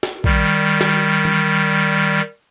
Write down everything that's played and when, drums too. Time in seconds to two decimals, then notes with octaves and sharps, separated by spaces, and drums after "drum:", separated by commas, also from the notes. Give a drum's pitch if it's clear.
0.03 drum: snare
0.24 D#3 G3, drum: kick
0.81 drum: snare
1.25 drum: tom E3